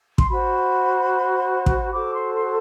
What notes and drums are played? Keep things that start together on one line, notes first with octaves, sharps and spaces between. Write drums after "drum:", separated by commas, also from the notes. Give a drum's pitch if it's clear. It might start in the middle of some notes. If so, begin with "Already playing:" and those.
C6, drum: kick
F#4 C5 B5
drum: kick
F#4 A4 C5 D6
C6
C6